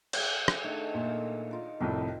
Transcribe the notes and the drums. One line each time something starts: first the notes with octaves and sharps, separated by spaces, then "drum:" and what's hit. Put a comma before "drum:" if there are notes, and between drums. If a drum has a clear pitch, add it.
G#4 A4 E5, drum: cymbal
drum: rim click
D#3 A3 D4
A#2
D#4 F4 A#4
C2 F2 A2 G5